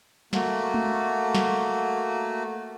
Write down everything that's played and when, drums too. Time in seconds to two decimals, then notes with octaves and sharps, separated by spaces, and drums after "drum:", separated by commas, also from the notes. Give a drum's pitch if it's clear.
0.33 A3 A#3 F#4, drum: snare
0.74 drum: tom G#3
1.35 drum: snare